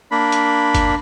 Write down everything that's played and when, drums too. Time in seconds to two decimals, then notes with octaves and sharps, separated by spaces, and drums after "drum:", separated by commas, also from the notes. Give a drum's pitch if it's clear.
0.11 A#3 D4 B5
0.32 drum: hi-hat
0.75 drum: kick, hi-hat